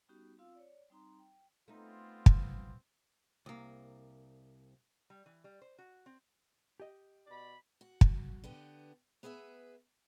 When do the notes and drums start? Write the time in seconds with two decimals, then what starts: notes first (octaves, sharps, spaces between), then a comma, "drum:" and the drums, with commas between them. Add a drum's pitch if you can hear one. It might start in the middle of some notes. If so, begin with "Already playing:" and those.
0.09 G3 B3 C#4 D#4 F#4 G4
0.39 C4 F4 F5 E6
0.55 C#5 D5
0.90 G3 C4 D#4 A#5 C6
1.19 G5
1.68 A3 B3 C4 D#4 F4
2.26 drum: kick
3.46 C2 A#3
5.10 G3
5.26 E3
5.44 G3
5.62 C5
5.78 F#4
6.06 C4
6.80 G4 D#5
7.27 B2 D5 B5
7.81 F#4
8.01 drum: kick
8.44 D3 B3 G4
9.23 B3 G#4 B4 D#5 E5